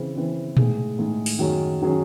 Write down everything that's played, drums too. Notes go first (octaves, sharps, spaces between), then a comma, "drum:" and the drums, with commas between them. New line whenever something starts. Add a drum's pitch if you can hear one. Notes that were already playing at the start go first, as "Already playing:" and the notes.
Already playing: C#3 E3 C4
C#3 E3 C4
A2 G#3 D#4 G#4, drum: tom A#2
A2 G#3 D#4 G#4
drum: open hi-hat
F#2 D#3 F#3 C#4 G#4
D#3 F#3 C#4 G#4